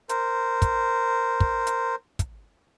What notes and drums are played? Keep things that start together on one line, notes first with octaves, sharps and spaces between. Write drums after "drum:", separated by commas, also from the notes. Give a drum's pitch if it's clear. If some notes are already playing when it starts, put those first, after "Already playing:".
A#4 C5, drum: hi-hat
drum: kick, hi-hat
drum: kick
drum: hi-hat
drum: kick, hi-hat